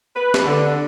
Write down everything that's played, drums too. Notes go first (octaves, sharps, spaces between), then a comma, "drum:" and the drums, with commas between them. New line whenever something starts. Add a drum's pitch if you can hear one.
B4
drum: snare
D3